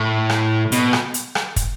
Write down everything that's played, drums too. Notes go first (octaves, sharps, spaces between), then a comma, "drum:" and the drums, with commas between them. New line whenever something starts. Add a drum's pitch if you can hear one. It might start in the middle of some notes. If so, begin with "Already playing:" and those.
Already playing: A2
drum: rim click
B2, drum: hi-hat
drum: rim click
drum: hi-hat
drum: rim click
drum: kick, hi-hat